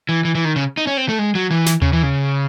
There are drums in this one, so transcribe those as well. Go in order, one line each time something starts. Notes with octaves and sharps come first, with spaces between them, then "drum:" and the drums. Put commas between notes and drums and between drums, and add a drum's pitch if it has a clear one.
E3
E3
E3
D#3
C#3
D#4
C#4
C4
A3
G#3
F#3
E3
drum: snare
C#3, drum: tom D#2
E3
C#3